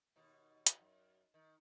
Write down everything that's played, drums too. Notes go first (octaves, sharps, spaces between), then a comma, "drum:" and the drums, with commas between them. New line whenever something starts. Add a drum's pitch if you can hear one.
D#2 B2 D#4
drum: hi-hat
F#2
D#3